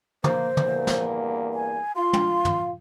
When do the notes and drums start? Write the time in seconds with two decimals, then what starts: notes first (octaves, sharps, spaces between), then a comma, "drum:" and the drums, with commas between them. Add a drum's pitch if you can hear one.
0.24 A#3 C5, drum: tom
0.57 E2 G2 A#3, drum: tom
0.87 drum: snare
1.54 G#5
1.96 F4 C6
2.13 drum: tom
2.45 drum: tom